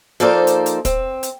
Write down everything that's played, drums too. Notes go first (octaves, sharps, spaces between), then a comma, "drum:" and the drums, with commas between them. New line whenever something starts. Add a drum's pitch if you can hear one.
F3 A#3 D#4 A4 C5 D5
drum: hi-hat
drum: hi-hat
C4, drum: kick, hi-hat
drum: hi-hat